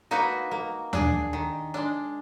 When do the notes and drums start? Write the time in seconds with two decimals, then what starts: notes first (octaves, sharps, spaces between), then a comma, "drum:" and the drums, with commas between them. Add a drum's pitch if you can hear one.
0.11 A#3 D#4 F#4 B4
0.51 A#3
0.93 D4 G#4, drum: tom D#2
1.33 D#3
1.74 G#3 D4